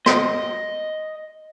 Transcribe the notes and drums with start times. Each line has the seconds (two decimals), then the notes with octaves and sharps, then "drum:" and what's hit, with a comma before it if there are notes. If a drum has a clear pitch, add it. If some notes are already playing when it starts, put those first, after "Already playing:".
0.06 D#5, drum: rim click